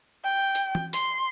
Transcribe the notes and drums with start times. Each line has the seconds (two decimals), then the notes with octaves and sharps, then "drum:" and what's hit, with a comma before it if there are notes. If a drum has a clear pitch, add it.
0.24 G5
0.55 drum: hi-hat
0.75 drum: tom E3
0.93 C6, drum: hi-hat